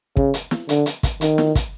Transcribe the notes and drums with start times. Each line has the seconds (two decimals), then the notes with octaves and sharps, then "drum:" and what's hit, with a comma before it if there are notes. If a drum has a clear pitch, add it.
0.17 C#3, drum: kick
0.34 drum: hi-hat
0.51 drum: snare
0.69 D3, drum: hi-hat
0.86 drum: hi-hat
1.03 drum: kick, hi-hat
1.21 D#3, drum: hi-hat
1.38 drum: snare
1.55 drum: kick, hi-hat